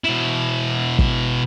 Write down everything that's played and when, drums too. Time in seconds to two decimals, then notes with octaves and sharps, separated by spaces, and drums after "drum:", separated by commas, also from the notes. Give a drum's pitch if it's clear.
0.05 B2 E4
0.99 drum: kick